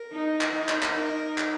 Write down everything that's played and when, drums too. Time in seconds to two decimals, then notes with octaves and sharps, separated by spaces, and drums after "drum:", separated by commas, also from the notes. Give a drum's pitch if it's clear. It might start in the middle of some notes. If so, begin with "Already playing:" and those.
Already playing: A#4
0.13 D#4
0.41 drum: clap
0.55 D#4
0.69 drum: clap
0.83 drum: clap
0.96 D#4 A#4
1.38 drum: clap